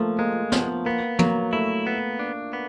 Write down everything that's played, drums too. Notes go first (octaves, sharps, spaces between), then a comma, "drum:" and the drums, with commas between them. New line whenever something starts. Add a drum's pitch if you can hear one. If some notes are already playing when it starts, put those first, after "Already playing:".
Already playing: F3 A3 A#3
G#3 A#3
F3 B3, drum: snare
A#3 B3
F#3 A#3, drum: tom
A3 E4
B3
D4
B3